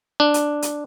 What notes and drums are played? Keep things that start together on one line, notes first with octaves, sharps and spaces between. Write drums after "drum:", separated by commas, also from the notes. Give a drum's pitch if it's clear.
D4
drum: hi-hat
drum: hi-hat